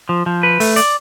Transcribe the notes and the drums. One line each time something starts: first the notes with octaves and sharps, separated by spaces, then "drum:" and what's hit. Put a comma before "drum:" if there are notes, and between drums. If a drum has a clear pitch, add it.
F3
F3
B4
A3, drum: open hi-hat
D5, drum: hi-hat